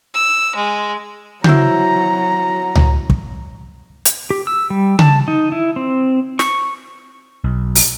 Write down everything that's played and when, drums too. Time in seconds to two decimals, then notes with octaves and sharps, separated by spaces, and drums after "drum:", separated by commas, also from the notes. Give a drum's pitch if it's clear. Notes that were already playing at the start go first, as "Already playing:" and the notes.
0.14 E6
0.56 G#3
1.44 F#3 E4 F#4 C5 A#5, drum: tom C#3
2.75 drum: tom C#2
3.10 drum: kick
4.05 drum: hi-hat
4.30 G4
4.47 E6
4.70 G3
4.99 A5, drum: tom C#3
5.28 D#4
5.52 E4
5.76 C4
6.39 C#6, drum: snare
7.44 B1
7.75 drum: open hi-hat